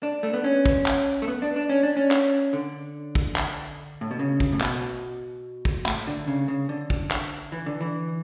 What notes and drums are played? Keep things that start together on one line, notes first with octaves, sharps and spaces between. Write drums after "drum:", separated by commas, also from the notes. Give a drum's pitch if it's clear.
D4
A3
B3
C#4
drum: kick
drum: clap
A3
B3
D4
D4
C#4
D4
C#4
drum: clap
D3
drum: kick
drum: clap
A2
B2
C#3
drum: kick
A2
B2, drum: clap
drum: kick
A2, drum: clap
D3
C#3
C#3
D3
drum: kick
drum: clap
E3
D3
E3